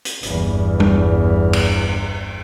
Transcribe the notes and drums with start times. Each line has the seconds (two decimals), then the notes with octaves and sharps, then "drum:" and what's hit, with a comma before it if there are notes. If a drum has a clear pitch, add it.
0.05 drum: hi-hat
0.23 G1 E2, drum: hi-hat
0.80 drum: tom G3
1.53 drum: cymbal